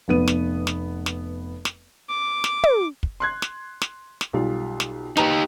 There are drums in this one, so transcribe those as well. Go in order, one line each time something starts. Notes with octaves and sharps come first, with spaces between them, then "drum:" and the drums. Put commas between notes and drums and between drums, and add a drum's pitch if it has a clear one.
F1 B3 D#7
drum: snare
drum: snare
drum: snare
drum: snare
D6
drum: snare
drum: tom
drum: kick
C6 F#6 G#6
drum: snare
drum: snare
drum: snare
B1 G3 F4
drum: snare
D#4 G4 B4 A#5, drum: snare